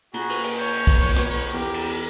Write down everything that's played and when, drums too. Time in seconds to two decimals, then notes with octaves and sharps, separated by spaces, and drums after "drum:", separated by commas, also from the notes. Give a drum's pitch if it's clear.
0.14 A#2 F#4 G#4, drum: cymbal
0.29 drum: cymbal
0.44 drum: cymbal
0.58 C#5 G6, drum: cymbal
0.73 drum: cymbal
0.87 drum: kick B1, cymbal
1.02 drum: cymbal
1.16 drum: rim click
1.31 drum: cymbal
1.53 E2 G4 A#4
1.74 drum: cymbal
1.89 drum: cymbal